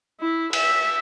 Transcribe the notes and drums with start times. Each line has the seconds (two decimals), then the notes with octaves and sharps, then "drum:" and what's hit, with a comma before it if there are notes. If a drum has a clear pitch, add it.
0.20 E4
0.53 E5, drum: cymbal